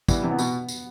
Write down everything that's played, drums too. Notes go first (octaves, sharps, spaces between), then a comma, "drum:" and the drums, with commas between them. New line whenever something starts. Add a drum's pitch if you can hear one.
E3 G3 B3, drum: kick, tambourine
C3 E3
B3
B2, drum: tambourine
drum: tambourine